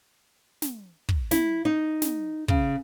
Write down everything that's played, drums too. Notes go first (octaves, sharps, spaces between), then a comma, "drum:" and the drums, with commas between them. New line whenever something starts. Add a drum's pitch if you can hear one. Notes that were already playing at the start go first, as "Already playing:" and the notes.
drum: snare
drum: kick
E4, drum: snare
D#4
drum: snare
C#3, drum: kick